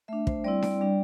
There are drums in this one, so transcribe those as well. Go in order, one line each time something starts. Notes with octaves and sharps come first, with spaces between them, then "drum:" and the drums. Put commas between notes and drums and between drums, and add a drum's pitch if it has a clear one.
A3 D4 E5
C5, drum: kick
G3 C4 E4 D5
D5, drum: snare D4
G3 D4